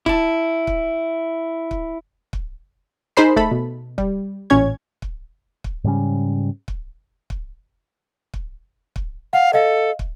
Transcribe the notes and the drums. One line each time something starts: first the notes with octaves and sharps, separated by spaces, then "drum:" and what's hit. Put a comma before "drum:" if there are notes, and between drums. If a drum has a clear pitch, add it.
E4 A5, drum: kick
drum: kick
drum: kick
drum: kick
D#4 G#4 A#4 C5 B5 C7
A3 A4 B5, drum: kick
B2
G3, drum: kick
A1 A#2 C#4 C#5 G#6
drum: kick
drum: kick
G#2 C#3 G3 C#4
drum: kick
drum: kick
drum: kick
drum: kick
F5 F#5
A4 D#5 F5
drum: kick